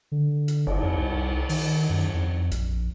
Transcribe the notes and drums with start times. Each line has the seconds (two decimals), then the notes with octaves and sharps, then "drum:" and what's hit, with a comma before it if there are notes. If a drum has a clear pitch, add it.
0.12 D3
0.48 drum: hi-hat
0.67 G1, drum: cymbal
0.83 F2
0.97 C2
1.49 D#3, drum: open hi-hat
1.89 F#2
2.14 F2
2.51 A#1, drum: hi-hat